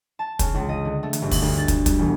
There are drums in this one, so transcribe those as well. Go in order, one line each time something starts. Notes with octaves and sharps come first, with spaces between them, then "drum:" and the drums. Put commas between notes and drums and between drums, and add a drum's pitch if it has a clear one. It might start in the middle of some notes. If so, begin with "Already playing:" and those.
A5
C#3, drum: kick, hi-hat
C#2
D#5
D3
A3
drum: hi-hat
G1
drum: kick, open hi-hat
D2
A6
drum: kick, hi-hat
G3, drum: kick, hi-hat
E1